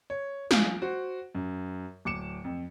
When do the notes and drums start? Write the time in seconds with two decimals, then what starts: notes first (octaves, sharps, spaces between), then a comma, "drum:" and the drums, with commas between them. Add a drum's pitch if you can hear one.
0.10 C#5
0.51 F3 F5 G#5 D7, drum: snare
0.82 F#4 C5
1.35 F#2
2.05 D1 D6 C#7 E7
2.44 F2